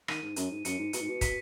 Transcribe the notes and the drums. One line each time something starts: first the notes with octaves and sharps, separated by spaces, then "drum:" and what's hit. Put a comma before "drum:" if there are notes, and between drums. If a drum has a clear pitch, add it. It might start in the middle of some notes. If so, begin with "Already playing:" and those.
D#3 D#7, drum: rim click
G#2
F#2, drum: hi-hat
G#2
F#2 C#7, drum: hi-hat
G#2
B2, drum: hi-hat
G#2
B2
B6, drum: kick, hi-hat